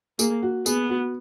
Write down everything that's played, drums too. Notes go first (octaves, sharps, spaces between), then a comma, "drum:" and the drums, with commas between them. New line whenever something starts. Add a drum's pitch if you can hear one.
A#3 G#4, drum: tambourine
F#4
B3 G#4, drum: tambourine
F#4